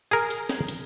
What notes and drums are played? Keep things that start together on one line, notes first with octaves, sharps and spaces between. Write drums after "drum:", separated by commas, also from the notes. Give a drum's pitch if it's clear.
G#4 A#4, drum: hi-hat
drum: hi-hat
drum: snare
drum: hi-hat